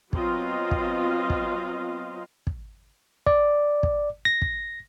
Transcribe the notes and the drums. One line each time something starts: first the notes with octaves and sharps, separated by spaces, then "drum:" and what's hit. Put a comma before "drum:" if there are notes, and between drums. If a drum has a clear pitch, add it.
F#3 B3 C4 F4 D#5 F5, drum: kick
drum: kick
drum: kick
drum: kick
D5, drum: kick
drum: kick
A#6
drum: kick